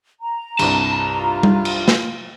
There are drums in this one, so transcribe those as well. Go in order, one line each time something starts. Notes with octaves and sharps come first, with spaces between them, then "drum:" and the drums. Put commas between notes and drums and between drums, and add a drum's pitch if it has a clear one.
A#5
C2 G2 A5, drum: cymbal
F4
drum: tom G3
drum: cymbal
drum: snare